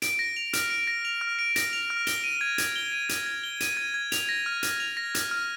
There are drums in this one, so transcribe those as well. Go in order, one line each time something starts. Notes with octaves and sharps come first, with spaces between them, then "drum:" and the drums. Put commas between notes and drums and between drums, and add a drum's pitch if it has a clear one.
D7, drum: hi-hat
A#6
F7
F6, drum: hi-hat
D7
A#6
F7
F6
D7
A#6, drum: hi-hat
F7
F6
G7, drum: hi-hat
D#7
G#6
G#6, drum: hi-hat
G7
D#7
G#6, drum: hi-hat
G#6
G7
D#7, drum: hi-hat
G#6
G#6
F7, drum: hi-hat
A#6
F6
F6, drum: hi-hat
F7
A#6
F6, drum: hi-hat
F6